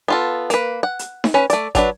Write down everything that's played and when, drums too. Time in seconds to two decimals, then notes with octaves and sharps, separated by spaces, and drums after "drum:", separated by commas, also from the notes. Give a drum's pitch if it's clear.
0.08 B3 F4 A4
0.50 A#3 B4, drum: hi-hat
0.83 F#5
0.99 drum: hi-hat
1.24 drum: snare D#4
1.34 C#4 B4
1.50 A3 D5, drum: hi-hat
1.75 F#3 D4 B4, drum: kick, hi-hat